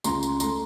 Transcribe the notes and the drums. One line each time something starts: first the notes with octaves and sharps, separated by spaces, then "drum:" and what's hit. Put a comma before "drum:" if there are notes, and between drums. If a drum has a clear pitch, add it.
C#2 A#5 C6, drum: tambourine
drum: tambourine
A3 A#5 C6, drum: tambourine